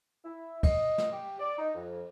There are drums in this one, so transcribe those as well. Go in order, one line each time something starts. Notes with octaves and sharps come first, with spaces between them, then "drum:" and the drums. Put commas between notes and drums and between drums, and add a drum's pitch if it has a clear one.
E4
D#5, drum: kick, cymbal
drum: snare
G4
D5
D#4
F2